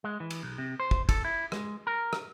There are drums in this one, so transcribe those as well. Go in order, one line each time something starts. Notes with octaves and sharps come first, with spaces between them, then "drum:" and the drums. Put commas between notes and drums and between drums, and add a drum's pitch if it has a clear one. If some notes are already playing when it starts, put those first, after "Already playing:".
G#3
E3
drum: cymbal
B1
C3
C5
drum: kick
A4, drum: kick, cymbal
E4
G#3, drum: rim click
A#4
drum: rim click